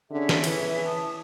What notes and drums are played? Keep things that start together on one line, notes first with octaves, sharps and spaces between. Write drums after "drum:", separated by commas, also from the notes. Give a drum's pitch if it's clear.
D3 C#4 G#4 E5
drum: snare
E3, drum: cymbal
A5 D#6